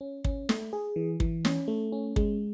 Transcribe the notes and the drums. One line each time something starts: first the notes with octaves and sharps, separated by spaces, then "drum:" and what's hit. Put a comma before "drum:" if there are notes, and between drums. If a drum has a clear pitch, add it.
C#4
C#4, drum: kick
A3, drum: snare
G#4
E3
E3, drum: kick
C#4, drum: snare
A3
C#4
G#3, drum: kick